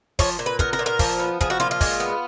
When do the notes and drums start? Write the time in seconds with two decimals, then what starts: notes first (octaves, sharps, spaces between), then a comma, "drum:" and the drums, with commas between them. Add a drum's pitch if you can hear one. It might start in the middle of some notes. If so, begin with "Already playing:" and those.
0.19 F3 C#5, drum: kick, open hi-hat
0.39 A#2
0.46 B4
0.59 B3 A#4, drum: kick, hi-hat
0.73 A#4
0.79 A#2
0.86 A#4
0.99 F3, drum: kick, open hi-hat
1.20 B3
1.41 F3 G#4, drum: kick, hi-hat
1.50 F#4
1.60 A#2 F4
1.71 F4
1.81 G#3, drum: kick, open hi-hat
2.00 B3